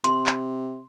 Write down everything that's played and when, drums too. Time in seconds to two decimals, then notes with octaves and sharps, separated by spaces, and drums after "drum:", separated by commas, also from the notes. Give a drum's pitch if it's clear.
0.04 C3 C6, drum: hi-hat
0.26 drum: clap